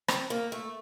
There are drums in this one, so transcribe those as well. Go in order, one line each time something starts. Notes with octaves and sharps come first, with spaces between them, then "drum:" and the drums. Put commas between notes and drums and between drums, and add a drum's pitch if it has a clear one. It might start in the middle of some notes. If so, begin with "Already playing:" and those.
C4, drum: rim click
A#3
A3